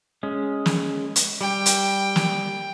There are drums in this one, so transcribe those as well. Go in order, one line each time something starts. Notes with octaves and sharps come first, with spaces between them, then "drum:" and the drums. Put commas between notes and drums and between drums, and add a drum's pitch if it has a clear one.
G#3 C#4
drum: snare
drum: hi-hat
G3 G5
drum: hi-hat
drum: snare